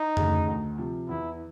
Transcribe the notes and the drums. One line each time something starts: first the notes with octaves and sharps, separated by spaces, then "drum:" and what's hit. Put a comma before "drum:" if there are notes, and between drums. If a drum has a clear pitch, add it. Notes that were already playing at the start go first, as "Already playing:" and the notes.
Already playing: D#4
D2 C#3, drum: tom F2
D2
C3 F3
E2 E4